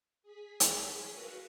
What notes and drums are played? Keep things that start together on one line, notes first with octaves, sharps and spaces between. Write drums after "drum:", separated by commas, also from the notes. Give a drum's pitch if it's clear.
G#4 B6
drum: hi-hat
F#4 A#4 B4 F5